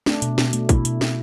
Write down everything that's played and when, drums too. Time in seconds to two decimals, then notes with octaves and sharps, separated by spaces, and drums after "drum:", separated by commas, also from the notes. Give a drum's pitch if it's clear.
0.06 A3 D4, drum: snare
0.22 B2, drum: hi-hat
0.38 B2, drum: snare
0.53 A3, drum: hi-hat
0.69 B2 E4, drum: kick, hi-hat
0.85 B2, drum: hi-hat
1.01 B2, drum: snare